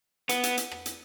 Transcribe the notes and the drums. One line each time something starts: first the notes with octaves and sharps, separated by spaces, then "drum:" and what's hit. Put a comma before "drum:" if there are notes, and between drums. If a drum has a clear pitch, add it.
B3, drum: hi-hat
drum: hi-hat
drum: hi-hat
drum: rim click
drum: hi-hat